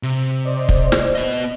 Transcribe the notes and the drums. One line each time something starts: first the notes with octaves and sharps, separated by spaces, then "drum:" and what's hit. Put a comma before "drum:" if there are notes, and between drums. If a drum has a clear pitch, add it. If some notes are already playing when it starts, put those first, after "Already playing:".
C3
C5 D5 D#5
drum: kick
drum: snare
B3 D#5